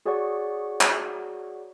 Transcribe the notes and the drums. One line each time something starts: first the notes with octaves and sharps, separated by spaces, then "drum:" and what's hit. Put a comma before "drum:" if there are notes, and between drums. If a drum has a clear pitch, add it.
F#4 G#4 C#5 D5 F#5 C#6
drum: clap